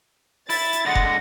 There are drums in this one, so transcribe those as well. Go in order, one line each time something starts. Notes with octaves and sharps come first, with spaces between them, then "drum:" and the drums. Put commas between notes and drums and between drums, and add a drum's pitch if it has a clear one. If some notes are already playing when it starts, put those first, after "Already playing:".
E4 A6, drum: open hi-hat
drum: hi-hat
D3 G#3 F#5 A#6
drum: kick F1